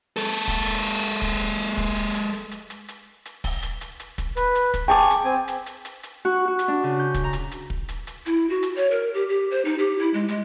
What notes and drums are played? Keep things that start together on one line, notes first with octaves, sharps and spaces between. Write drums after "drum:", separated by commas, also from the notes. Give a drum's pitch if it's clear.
G#3 A4
drum: kick, open hi-hat
drum: hi-hat
drum: hi-hat
drum: hi-hat
drum: kick, hi-hat
drum: hi-hat
drum: kick, hi-hat
drum: hi-hat
drum: hi-hat
drum: hi-hat
drum: hi-hat
drum: hi-hat
drum: hi-hat
drum: hi-hat
drum: kick, open hi-hat
drum: hi-hat
drum: hi-hat
drum: hi-hat
drum: kick, hi-hat
B4, drum: hi-hat
drum: hi-hat
drum: kick, hi-hat
G#4 G5 A5 C#6 D6
drum: hi-hat
C4 G#5
drum: hi-hat
drum: hi-hat
drum: hi-hat
drum: hi-hat
F#4
F#4
drum: hi-hat
D4
C#3
G6
drum: kick, hi-hat
A#5
drum: hi-hat
drum: hi-hat
drum: kick
drum: hi-hat
drum: hi-hat
E4, drum: hi-hat
F#4
drum: hi-hat
C#5
A#4
G4
G4
C5
D#4
G4
E4
G#3
G#3, drum: hi-hat